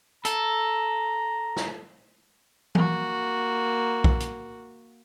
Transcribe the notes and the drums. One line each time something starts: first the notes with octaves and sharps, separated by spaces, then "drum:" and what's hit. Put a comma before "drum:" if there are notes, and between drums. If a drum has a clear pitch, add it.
A4 A#5, drum: hi-hat
drum: snare
A#3 F#4, drum: tom E3
drum: kick B1
drum: hi-hat